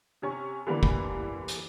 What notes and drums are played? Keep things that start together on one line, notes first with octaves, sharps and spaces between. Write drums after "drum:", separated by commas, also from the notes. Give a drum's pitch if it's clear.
C3 C#4 C#6
D3 E3 G3 A#3 B5
drum: kick F1
drum: hi-hat